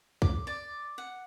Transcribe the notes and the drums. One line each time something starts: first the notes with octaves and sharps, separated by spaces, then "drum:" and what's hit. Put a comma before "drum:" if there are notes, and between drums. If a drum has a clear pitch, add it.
D6, drum: kick
D5
F#5